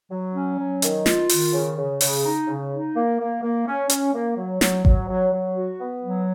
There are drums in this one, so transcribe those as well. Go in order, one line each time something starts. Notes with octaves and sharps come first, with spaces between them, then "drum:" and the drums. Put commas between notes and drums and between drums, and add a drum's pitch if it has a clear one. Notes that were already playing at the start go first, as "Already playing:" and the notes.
F#3
C#4
F#3
D#3, drum: hi-hat
F4, drum: snare
D#3, drum: open hi-hat
C#3
C#3
C#3, drum: open hi-hat
D#4
C#3
D#4
A#3
A#3
A#3
C#4
C#4, drum: hi-hat
A#3
F#3
F#3, drum: snare
F#3, drum: kick G#1
F#3
F#3
F#4
B3
F#3